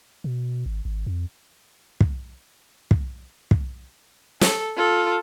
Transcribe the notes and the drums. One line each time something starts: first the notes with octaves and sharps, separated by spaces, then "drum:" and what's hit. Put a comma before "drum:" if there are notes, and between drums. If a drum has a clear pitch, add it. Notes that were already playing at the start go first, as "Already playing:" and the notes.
B2
G#1
G#1
F2
drum: kick
drum: kick
drum: kick
A4, drum: snare
F4 A4